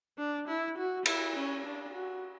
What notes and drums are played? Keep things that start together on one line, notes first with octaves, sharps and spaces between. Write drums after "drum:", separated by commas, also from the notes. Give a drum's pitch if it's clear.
D4
E4
F#4
E4, drum: cymbal
C#4
D4
F#4